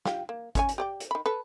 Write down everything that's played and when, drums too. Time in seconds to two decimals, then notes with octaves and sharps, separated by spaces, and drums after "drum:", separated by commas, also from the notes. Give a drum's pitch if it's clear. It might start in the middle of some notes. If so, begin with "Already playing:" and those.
0.05 F4 G4 G5, drum: snare
0.29 A#3
0.55 C#4 C#5 G#5, drum: kick G#1, hi-hat
0.69 drum: hi-hat
0.78 G4 D5 G5
1.00 drum: hi-hat
1.11 D#3 B5
1.26 A4 B4